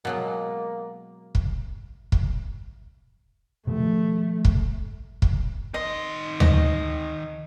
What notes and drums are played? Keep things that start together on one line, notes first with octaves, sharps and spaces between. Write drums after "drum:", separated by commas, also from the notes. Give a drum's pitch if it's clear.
B2 F#3 G#3 A#3
drum: kick
drum: kick
B2 D#3 F3 A3
drum: kick
drum: kick
D#3 D#5 C6
D#5, drum: tom D2